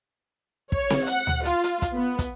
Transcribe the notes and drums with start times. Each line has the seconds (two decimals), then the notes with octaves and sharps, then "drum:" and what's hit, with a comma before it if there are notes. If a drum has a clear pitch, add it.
0.72 C#5, drum: kick
0.90 drum: snare C4
1.07 F#5, drum: hi-hat
1.27 drum: tom D2
1.45 F4, drum: hi-hat
1.64 drum: hi-hat
1.82 drum: kick, hi-hat
1.95 B3
2.19 drum: kick, hi-hat